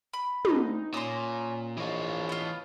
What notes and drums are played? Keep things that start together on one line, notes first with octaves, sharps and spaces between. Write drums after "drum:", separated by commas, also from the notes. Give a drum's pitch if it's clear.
B5
D2 D#4, drum: tom
A#2 C#4 A#5 C6 D#6
A#1 E3 C#5 D#5 F5 A5
B3 F4